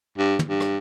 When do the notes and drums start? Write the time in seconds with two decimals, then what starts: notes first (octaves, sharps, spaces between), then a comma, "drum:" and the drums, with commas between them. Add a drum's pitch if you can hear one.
0.18 G2
0.39 drum: tom
0.48 G2
0.61 drum: rim click